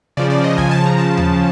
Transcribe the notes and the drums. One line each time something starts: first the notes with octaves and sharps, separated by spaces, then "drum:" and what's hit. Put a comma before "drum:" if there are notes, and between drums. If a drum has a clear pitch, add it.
C#3 F3 D5
D5
D#5
G#5, drum: kick
A5
A#5
A5
drum: tom D#2